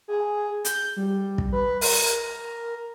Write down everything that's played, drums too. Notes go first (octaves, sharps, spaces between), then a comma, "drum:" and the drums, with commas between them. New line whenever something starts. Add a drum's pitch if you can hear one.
G#4
G6, drum: hi-hat
G3
drum: kick
B4
A#4, drum: open hi-hat